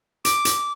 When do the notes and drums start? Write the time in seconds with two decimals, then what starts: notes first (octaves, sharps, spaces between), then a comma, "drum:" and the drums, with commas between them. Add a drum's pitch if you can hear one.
0.25 D6, drum: hi-hat
0.45 drum: hi-hat